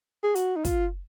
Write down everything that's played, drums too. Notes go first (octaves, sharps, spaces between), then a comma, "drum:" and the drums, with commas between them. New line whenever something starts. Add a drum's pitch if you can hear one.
G#4
F#4, drum: hi-hat
D#4
F4, drum: kick, hi-hat